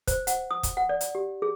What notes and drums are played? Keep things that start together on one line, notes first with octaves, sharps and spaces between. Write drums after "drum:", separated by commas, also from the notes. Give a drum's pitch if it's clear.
C5, drum: kick, hi-hat
F#5, drum: hi-hat
D#6
drum: kick, hi-hat
F#5
D5
drum: hi-hat
G4
G#4